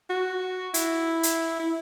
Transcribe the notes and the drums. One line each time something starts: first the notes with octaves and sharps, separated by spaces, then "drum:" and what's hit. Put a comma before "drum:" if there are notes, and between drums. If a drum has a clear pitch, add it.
F#4
E4, drum: hi-hat
drum: hi-hat
E4